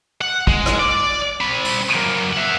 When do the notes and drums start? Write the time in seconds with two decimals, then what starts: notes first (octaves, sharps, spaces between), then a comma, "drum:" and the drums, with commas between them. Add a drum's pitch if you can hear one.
0.21 F#5
0.47 G#3, drum: kick
0.66 drum: rim click
0.79 D5
1.41 C4 B5
1.65 drum: open hi-hat
1.95 F#3 A#3
2.33 E5 F#5